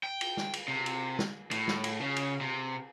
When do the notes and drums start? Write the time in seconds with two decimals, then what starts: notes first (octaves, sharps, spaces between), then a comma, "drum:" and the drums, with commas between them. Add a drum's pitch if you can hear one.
0.03 G5
0.21 drum: cymbal
0.37 drum: snare
0.53 drum: cymbal
0.68 C3
0.86 drum: cymbal
1.19 drum: snare
1.51 A2, drum: cymbal
1.68 drum: snare
1.84 drum: cymbal
2.01 C#3
2.16 drum: cymbal
2.41 C3